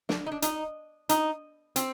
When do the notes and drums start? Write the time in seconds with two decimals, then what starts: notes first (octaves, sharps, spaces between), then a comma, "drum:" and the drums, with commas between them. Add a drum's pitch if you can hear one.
0.09 D4, drum: snare
0.26 D#4
0.32 D4
0.42 D#4, drum: hi-hat
1.09 D#4, drum: hi-hat
1.76 C4, drum: hi-hat